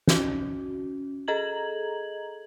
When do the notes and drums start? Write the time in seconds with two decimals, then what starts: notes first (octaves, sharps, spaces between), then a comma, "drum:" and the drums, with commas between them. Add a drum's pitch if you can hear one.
0.08 C#4 F#4, drum: snare
1.28 G#4 A4 D#5 A#5 G#6 F#7